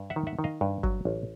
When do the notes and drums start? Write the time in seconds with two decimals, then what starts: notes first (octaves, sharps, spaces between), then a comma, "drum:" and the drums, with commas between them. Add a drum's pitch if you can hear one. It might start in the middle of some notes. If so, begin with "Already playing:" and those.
Already playing: G2
0.10 E5 F#5
0.16 D#3
0.27 E5 F#5
0.39 D#3
0.44 D#5 F5
0.61 G2
0.83 F#3, drum: kick G1
1.05 A1